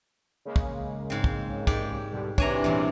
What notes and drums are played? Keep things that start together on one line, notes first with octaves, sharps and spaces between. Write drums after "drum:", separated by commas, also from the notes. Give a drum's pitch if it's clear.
C#3 G#3 A#3
drum: kick
G#2 C4
drum: kick
G#2 G4 D5, drum: kick
B2 D3 G3
C3 E3 D4 C#5 G#5 A#5, drum: kick
E2 A#2 G3 C#4